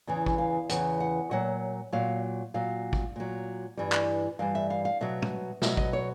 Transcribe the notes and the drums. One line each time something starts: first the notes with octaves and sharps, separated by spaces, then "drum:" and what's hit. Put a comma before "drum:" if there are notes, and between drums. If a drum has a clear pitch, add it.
E2 C#3 E3
drum: kick
F5
E2 C#3 E3 F#5, drum: hi-hat
F#5
A#2 F#3 F#5
A#2 F#3 F5
A#2 F#3 F5
drum: kick
A#2 F#3
G2 E3 G3
drum: clap
G2 E3 G3 F5
E5
F5
F5
B2 F#3 E5
drum: tom
B2 F#3 E5, drum: snare
D#5, drum: kick
C#5